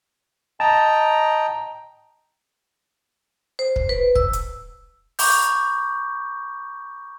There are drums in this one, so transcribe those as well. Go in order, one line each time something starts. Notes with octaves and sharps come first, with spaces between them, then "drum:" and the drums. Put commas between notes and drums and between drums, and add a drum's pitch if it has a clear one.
D#5 G5 A5 A#5
C5
drum: kick
B4
E6, drum: kick
drum: hi-hat
A#5 B5 C#6 D6 G6, drum: open hi-hat